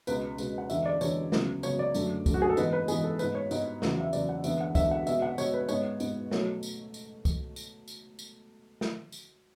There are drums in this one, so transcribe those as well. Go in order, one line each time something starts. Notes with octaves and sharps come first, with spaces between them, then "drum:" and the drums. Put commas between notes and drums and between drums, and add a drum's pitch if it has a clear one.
C#2 B2 G#3 B3 B4, drum: tambourine
C#2 B2 G#3 B3, drum: tambourine
F#5
E2 D3 G#3 E5, drum: tambourine
D5
E2 D3 G#3 C#5, drum: tambourine
C#2 C#3 F#3 B3, drum: snare
C#2 C#3 F#3 B3 C#5, drum: tambourine
D5
F#2 D3 A3, drum: tambourine
F#2 D3 A3, drum: kick C2, tambourine
F#4
G#4
A4
G#2 E3 G#3 B3 B4, drum: tambourine
B4
G#2 E3 G#3 B3 G#4, drum: tambourine
A4
G#2 G#3 B3 B4, drum: tambourine
C#5
G#2 G#3 B3, drum: tambourine
E2 C#3 F#3, drum: snare
F#5
E5
E2 C#3 F#3 D5, drum: tambourine
F#5
E2 D3 G#3 B3 E5, drum: tambourine
F#5
E2 D3 G#3 B3 E5, drum: kick C2, tambourine
F#5
B2 G#3 B3 E5, drum: tambourine
F#5
B2 G#3 B3 C#5, drum: tambourine
B4
G#2 G#3 B3 C#5, drum: tambourine
G#2 G#3 B3, drum: tambourine
B2 F#3 A3 C#5, drum: snare
drum: tambourine
drum: tambourine
drum: kick C2, tambourine
drum: tambourine
drum: tambourine
drum: tambourine
drum: snare
drum: tambourine